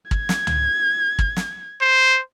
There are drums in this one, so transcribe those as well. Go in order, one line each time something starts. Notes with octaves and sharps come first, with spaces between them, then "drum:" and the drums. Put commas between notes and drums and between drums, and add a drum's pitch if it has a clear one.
G#6, drum: kick
drum: snare
drum: tom
drum: kick
drum: snare
C5